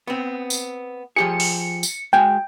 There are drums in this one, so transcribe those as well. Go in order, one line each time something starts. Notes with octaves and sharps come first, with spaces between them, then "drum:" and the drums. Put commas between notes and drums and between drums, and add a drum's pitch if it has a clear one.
B3 C4
drum: tambourine
F3 G4 G#4 C#7
drum: open hi-hat
drum: tambourine
G#3 F#4 G5 G#5